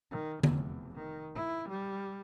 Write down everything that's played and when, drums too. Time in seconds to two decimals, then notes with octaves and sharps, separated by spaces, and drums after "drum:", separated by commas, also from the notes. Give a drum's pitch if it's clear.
0.11 D#3
0.43 F1 E2, drum: tom D3
0.94 D#3
1.35 E4
1.69 G3